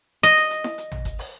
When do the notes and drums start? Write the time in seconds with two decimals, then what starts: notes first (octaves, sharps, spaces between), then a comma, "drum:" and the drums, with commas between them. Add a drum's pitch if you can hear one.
0.23 D#5
0.37 drum: hi-hat
0.51 drum: hi-hat
0.64 drum: snare E4
0.78 drum: hi-hat
0.92 drum: tom
1.05 drum: kick F#1, hi-hat
1.19 drum: open hi-hat